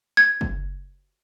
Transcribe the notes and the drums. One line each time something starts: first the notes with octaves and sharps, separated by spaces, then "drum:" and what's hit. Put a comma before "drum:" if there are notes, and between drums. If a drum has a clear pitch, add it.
G#6
drum: kick